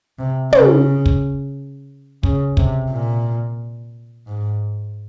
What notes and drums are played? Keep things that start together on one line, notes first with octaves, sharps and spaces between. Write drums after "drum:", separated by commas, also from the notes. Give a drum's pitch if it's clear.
C3
C#3, drum: tom
drum: kick
C#3, drum: kick
C3, drum: kick
A#2
G#2